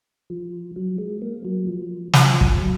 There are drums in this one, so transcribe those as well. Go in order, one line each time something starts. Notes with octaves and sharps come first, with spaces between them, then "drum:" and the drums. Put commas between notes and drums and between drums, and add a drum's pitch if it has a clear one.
F3
F#3
G#3
A#3
F#3
F3
F3, drum: snare
F#3
F3
drum: kick
F#3